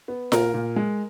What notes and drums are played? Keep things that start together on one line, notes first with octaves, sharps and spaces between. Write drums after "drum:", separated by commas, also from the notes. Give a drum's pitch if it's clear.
B3
A#2 A#4, drum: snare F4
A#2
G#3